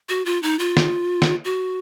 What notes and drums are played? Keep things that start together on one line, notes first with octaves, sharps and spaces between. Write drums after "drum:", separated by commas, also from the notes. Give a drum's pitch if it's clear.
F#4
F4
D#4
F4
drum: snare
drum: snare
F#4